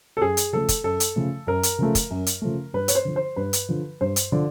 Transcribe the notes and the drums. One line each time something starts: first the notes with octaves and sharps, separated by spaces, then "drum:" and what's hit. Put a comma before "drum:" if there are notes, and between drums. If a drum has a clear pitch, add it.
A4
F#2 G#4
drum: hi-hat
C#3 F3 A3 A4
drum: kick, hi-hat
F#2 A4
drum: hi-hat
C#3 F3 A3
F#2 A#4
drum: hi-hat
C#3 F3 A3
drum: kick, hi-hat
F#2
drum: hi-hat
C#3 F3 A3
G2 B4
C#5, drum: hi-hat
C5
D3 F3
C5
G2 B4
drum: hi-hat
D3 F3
G2 C5
drum: hi-hat
D3 F3 D5